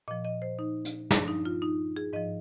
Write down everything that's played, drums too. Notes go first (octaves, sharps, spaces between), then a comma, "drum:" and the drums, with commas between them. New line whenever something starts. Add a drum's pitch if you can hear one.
A#2 F3 D#5
D#5
C5
D#4
drum: hi-hat
G2 F3 D4, drum: snare
D#4
F4
D#4
G#4
G#2 F3 D#5